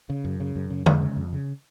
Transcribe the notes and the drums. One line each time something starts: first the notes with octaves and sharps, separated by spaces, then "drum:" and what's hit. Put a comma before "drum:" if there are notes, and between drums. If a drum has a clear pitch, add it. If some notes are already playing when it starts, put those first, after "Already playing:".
C#3
F#2
C#3
F#2
C#3
F2 G#3, drum: tom
C#3
F2
C#3